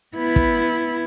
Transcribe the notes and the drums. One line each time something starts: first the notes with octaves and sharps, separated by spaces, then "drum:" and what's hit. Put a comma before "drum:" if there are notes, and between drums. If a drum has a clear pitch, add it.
B3 E4
drum: kick